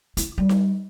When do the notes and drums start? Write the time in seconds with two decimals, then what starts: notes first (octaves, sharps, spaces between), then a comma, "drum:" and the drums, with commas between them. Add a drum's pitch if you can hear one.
0.17 E4, drum: hi-hat
0.38 G3
0.49 drum: snare D#4